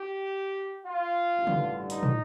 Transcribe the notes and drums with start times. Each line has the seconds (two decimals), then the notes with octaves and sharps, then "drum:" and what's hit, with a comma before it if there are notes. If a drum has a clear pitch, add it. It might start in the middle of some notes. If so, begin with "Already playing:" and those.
Already playing: G4
0.87 F4
1.38 A1 G2 D3
1.47 drum: tom C#3
1.90 D#4, drum: hi-hat
2.03 drum: tom